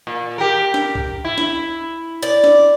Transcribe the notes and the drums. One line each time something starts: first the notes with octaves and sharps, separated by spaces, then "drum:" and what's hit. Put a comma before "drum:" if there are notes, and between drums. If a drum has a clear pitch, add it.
A#2
G4 A#4
drum: snare
drum: kick
E4
drum: snare
D5
drum: snare